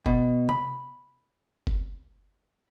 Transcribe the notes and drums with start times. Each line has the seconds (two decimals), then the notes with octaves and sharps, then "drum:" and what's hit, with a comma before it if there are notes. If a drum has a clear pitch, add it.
0.06 B2, drum: kick F#1
0.49 B5, drum: tom C3
1.67 drum: kick F#1